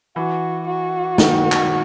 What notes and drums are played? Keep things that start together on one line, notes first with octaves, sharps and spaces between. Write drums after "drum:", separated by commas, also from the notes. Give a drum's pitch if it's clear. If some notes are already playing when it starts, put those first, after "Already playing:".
E3 F#4
F#4
D#3, drum: snare
drum: clap